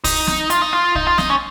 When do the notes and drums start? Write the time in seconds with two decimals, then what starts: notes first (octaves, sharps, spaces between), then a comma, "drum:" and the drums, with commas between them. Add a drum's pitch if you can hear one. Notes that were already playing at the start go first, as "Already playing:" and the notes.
0.04 D#4, drum: kick, open hi-hat
0.27 drum: snare
0.50 F4, drum: hi-hat
0.61 D#4
0.73 F4
0.95 D#4, drum: kick
1.07 F4
1.18 D#4, drum: snare
1.30 C#4